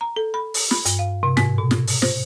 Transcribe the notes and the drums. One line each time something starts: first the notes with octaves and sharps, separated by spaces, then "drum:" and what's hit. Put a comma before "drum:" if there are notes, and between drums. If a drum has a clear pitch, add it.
A#5
A4
B5
drum: open hi-hat
B5, drum: snare
G2, drum: hi-hat
F5
C3
G#2, drum: snare
B2
drum: snare
drum: open hi-hat
C5, drum: snare